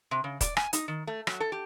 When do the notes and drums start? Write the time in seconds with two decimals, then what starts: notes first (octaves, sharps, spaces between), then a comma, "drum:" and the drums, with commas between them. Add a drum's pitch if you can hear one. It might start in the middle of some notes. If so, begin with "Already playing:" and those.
0.11 C3
0.24 C#3
0.41 D5, drum: kick D#1, hi-hat
0.57 G#5, drum: rim click
0.73 D#4, drum: hi-hat
0.88 D#3
1.07 A3
1.27 F#3, drum: rim click
1.40 A4
1.52 G4